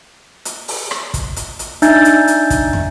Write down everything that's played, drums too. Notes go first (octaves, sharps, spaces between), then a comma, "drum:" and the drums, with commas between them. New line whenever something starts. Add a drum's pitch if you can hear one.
drum: hi-hat
drum: open hi-hat
drum: rim click
drum: kick, hi-hat
drum: hi-hat
drum: hi-hat
D4 D#4 E5 G#5 G6 A6, drum: hi-hat
drum: hi-hat
drum: hi-hat
drum: kick, hi-hat
drum: tom